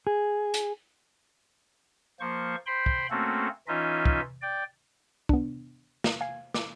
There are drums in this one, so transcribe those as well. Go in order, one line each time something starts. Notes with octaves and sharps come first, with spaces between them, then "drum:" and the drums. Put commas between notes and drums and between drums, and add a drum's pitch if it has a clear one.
G#4
drum: hi-hat
F3 A#3 C5 C#6
C5 G5 B5 C6
drum: kick
A3 A#3 C4 C#4 F#4 A4
E3 C#4 D#4 F4 D#5 E5
drum: kick
D5 G5
B3 D4, drum: kick
drum: snare
F5 G#5 G#6 C7
D6, drum: snare